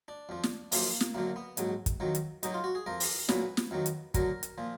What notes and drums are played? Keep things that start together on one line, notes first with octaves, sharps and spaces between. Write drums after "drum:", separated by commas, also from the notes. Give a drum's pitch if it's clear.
D4
F2 F3
drum: snare
F#2 F3 A#3, drum: open hi-hat
drum: snare
F#2 D3 F#3 A#3
B3
A#1 G#2 F#3, drum: hi-hat
drum: kick, hi-hat
F2 D#3 F#3
drum: hi-hat
B1 B2 F#3 D#4, drum: hi-hat
F4
F#4
G#4
F2 F3 A#4
drum: open hi-hat
B1 A#2 F#3 B4, drum: snare
drum: snare
F2 D#3 F#3
drum: hi-hat
D2 D3 F#3 A#4, drum: kick, hi-hat
drum: hi-hat
A#2 F3